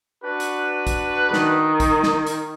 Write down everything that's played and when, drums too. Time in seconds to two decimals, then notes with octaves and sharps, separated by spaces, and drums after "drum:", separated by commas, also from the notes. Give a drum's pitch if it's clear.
0.24 D4 F#4 B4
0.40 drum: hi-hat
0.87 drum: kick, hi-hat
1.33 D#3, drum: snare
1.80 drum: kick, hi-hat
2.03 drum: snare
2.27 drum: hi-hat